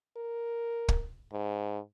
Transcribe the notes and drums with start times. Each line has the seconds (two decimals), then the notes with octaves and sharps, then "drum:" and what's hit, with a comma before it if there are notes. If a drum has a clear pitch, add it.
0.17 A#4
0.88 drum: kick
1.33 G#2